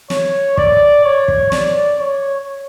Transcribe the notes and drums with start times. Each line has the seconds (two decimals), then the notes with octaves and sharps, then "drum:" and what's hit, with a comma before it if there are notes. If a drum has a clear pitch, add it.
0.10 C#5, drum: snare
0.57 D5, drum: kick
1.04 C#5
1.28 drum: kick
1.52 D5, drum: snare
2.00 C#5